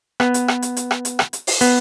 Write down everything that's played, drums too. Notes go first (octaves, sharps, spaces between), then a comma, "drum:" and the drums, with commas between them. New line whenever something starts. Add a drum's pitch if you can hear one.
B3, drum: rim click
drum: hi-hat
drum: rim click
drum: hi-hat
drum: hi-hat
drum: rim click
drum: hi-hat
drum: rim click
drum: hi-hat
drum: open hi-hat
B3, drum: hi-hat